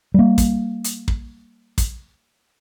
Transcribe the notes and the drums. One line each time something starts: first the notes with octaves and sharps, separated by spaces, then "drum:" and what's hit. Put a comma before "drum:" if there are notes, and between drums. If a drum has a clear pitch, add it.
G3 A#3
drum: kick, hi-hat
drum: hi-hat
drum: kick
drum: kick, hi-hat